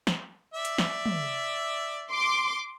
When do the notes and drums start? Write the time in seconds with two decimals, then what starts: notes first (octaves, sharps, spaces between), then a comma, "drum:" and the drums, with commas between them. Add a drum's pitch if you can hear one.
0.07 drum: snare
0.54 D5 E5
0.65 drum: hi-hat
0.78 drum: snare
1.06 drum: tom
2.10 C6 D6